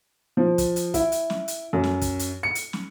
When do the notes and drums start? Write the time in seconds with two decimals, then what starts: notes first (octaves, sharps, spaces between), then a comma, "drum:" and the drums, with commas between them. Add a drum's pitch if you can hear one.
0.37 F3
0.58 drum: kick, hi-hat
0.76 drum: hi-hat
0.94 E4, drum: kick, hi-hat
1.12 drum: hi-hat
1.30 drum: snare
1.48 drum: hi-hat
1.73 F#2
1.84 drum: snare
2.01 drum: kick, hi-hat
2.19 drum: hi-hat
2.43 C#7
2.55 drum: hi-hat
2.73 drum: snare